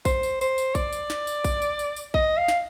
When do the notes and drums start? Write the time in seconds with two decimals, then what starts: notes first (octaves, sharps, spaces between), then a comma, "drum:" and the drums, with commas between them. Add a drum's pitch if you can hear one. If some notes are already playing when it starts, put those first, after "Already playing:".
0.05 C5, drum: kick A#1, tambourine
0.23 drum: tambourine
0.41 C5, drum: tambourine
0.58 drum: tambourine
0.75 D5, drum: kick A#1, tambourine
0.93 drum: tambourine
1.10 drum: snare
1.27 drum: tambourine
1.44 drum: kick A#1, tambourine
1.62 drum: tambourine
1.79 drum: tambourine
1.96 drum: tambourine
2.14 D#5, drum: kick A#1
2.37 F5
2.48 drum: snare